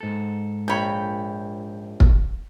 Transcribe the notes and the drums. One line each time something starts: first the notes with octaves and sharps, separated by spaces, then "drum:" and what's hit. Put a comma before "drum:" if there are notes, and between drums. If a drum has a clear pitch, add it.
G#2 A4
A#1 C#5 G5 B5
drum: kick